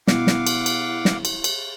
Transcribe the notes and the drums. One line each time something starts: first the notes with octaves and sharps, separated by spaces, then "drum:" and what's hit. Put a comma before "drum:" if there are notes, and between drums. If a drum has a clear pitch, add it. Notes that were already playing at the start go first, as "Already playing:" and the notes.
B2 E4 F5 F#5 D6, drum: snare
drum: snare
drum: cymbal
drum: cymbal
drum: snare
drum: cymbal
drum: cymbal